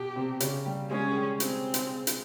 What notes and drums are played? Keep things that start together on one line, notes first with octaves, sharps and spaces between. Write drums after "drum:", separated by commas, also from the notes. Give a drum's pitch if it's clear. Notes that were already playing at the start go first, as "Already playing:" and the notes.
Already playing: B2 G4
C3 C4
C#3 C#4, drum: hi-hat
G3 G4
G#3 C#4 G#4
G#4
G3 G4
C4, drum: hi-hat
drum: hi-hat
drum: hi-hat